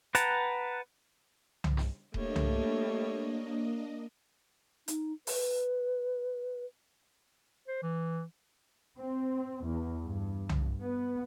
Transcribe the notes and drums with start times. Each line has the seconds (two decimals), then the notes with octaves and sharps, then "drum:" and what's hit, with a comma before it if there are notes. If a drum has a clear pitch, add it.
0.15 B4 F#5 G5 A5 A#5, drum: hi-hat
1.64 drum: tom C2
1.77 drum: snare
2.14 G3 A3 A#3 D4 C#5 D#5, drum: kick D#1
2.36 drum: tom C2
4.88 D#4, drum: hi-hat
5.27 B4, drum: open hi-hat
7.68 C5
7.83 E3
8.98 C4
9.65 E2
10.03 G2
10.49 drum: tom C2
10.83 B3